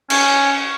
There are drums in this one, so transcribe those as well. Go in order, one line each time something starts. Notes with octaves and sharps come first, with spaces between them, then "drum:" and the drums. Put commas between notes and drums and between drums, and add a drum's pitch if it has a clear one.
C#4, drum: cymbal